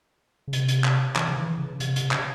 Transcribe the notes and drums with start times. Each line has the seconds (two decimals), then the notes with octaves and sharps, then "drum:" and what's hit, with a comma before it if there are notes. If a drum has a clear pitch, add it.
0.48 C#3
0.53 C3, drum: hi-hat
0.68 drum: hi-hat
0.84 drum: clap
1.16 E3, drum: clap
1.29 C#3
1.37 E3
1.58 C#3
1.80 C3, drum: hi-hat
1.96 C3, drum: hi-hat
2.11 C#3, drum: clap